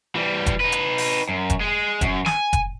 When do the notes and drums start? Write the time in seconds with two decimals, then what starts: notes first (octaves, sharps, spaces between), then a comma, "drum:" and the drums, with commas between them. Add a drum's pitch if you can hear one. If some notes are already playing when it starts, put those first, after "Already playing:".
0.15 E3 G3
0.46 drum: kick F1, hi-hat
0.60 D#4 B4
0.72 drum: hi-hat
0.98 drum: open hi-hat
1.29 F#2
1.50 drum: kick F1, hi-hat
1.61 G#3 G#4
2.01 F#2, drum: kick F1, hi-hat
2.26 G#5, drum: snare
2.53 drum: kick F1, hi-hat